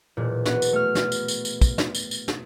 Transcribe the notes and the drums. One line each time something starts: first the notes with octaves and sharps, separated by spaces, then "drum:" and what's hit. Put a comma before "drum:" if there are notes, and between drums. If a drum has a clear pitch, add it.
E1 A#2
B3 F#4, drum: snare
drum: tambourine
A3 F6
drum: snare
drum: tambourine
drum: tambourine
drum: tambourine
drum: kick, tambourine
drum: snare
drum: tambourine
drum: tambourine
drum: snare